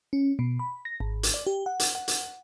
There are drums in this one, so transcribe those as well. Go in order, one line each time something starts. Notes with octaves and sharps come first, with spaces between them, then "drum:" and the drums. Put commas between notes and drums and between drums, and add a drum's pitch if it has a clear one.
C#4
B2
B5
A#6
G#1
drum: hi-hat
D5
G4
F#5
drum: hi-hat
F#5
drum: hi-hat